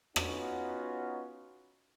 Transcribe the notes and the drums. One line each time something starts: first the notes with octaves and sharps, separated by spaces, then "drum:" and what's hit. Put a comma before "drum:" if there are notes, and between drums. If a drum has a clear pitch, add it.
B3 C#4 D#4 F4 F#4, drum: rim click